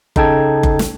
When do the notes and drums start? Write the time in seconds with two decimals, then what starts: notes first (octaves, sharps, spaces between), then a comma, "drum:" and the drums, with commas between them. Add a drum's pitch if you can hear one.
0.16 C#3 D#4 A4 G5 A5 G#6, drum: kick F#1
0.63 drum: kick F#1
0.79 drum: snare